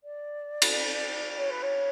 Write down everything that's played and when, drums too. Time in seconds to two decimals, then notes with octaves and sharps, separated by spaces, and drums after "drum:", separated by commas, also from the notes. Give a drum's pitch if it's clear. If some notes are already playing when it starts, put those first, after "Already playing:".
0.03 D5
0.62 drum: cymbal
1.38 C#5
1.50 B4
1.62 C#5